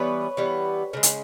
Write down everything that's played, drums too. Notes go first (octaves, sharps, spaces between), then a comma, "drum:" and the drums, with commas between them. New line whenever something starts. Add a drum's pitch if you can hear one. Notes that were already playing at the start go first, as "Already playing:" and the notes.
Already playing: E3 G3 B3 B4 C#5
E3 G3 B3
C#3 E3 G#3
drum: hi-hat